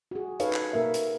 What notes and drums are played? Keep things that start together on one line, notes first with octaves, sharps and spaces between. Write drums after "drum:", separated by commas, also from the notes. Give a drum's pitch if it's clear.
F#4 G#4
D#4 A4 B4 C#5 F5, drum: hi-hat
drum: clap
B2 A#3 A#4 E5
drum: hi-hat